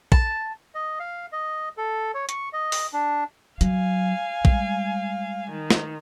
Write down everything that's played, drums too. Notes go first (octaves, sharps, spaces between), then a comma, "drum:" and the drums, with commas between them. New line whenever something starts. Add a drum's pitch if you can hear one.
A5, drum: kick
D#5
F5
D#5
A4
C#5
C#6, drum: hi-hat
D#5
drum: open hi-hat
D4
F#3 F5 G#5, drum: hi-hat
G3 G#3, drum: kick
D#3
drum: snare